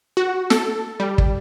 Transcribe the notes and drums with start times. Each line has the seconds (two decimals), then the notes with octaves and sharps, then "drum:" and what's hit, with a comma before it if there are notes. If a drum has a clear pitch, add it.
0.17 F#4
0.50 A4, drum: snare
1.00 G3
1.18 drum: kick